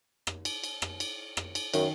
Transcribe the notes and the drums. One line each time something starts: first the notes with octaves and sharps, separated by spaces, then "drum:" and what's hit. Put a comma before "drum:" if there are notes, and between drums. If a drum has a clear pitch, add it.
drum: rim click
drum: cymbal
drum: cymbal
drum: rim click
drum: cymbal
drum: rim click
drum: cymbal
F#2 D#3, drum: cymbal